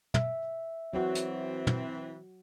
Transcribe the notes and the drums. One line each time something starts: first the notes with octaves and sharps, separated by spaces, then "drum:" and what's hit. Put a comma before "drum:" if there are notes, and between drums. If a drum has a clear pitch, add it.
E5, drum: tom
E3 F#3 C4 F#4
drum: hi-hat
drum: tom